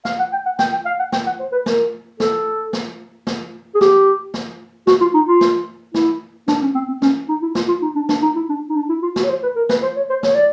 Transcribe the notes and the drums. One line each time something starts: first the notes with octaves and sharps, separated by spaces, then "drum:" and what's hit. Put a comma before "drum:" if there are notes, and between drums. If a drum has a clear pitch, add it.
F5, drum: snare
F#5
G5
F#5
G5, drum: snare
G5
F5
F#5
G5, drum: snare
F#5
C5
B4
A#4, drum: snare
A4, drum: snare
drum: snare
drum: snare
G#4
G4, drum: snare
drum: snare
F#4, drum: snare
F4
D#4
F4
drum: snare
E4, drum: snare
D4, drum: snare
C#4
C4
C4
C#4, drum: snare
D#4
E4
F4, drum: snare
F4
D#4
D4
D4, drum: snare
D#4
E4
D4
D#4
D4
E4
F4
F#4, drum: snare
C#5
C5
B4
A#4
B4, drum: snare
C5
C#5
C5
C#5, drum: snare
D5